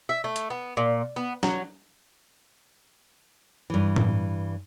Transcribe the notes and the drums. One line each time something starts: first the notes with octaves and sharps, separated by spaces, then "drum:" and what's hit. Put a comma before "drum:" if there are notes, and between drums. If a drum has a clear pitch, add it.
E5
A3
drum: hi-hat
B3
A#2
B3
F#3, drum: snare
G2 E3
drum: tom A2